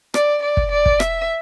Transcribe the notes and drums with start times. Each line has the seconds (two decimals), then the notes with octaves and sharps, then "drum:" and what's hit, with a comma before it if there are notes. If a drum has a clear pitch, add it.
0.14 D5, drum: rim click
0.43 D5
0.57 drum: kick
0.71 D5
0.86 drum: kick
1.00 E5, drum: rim click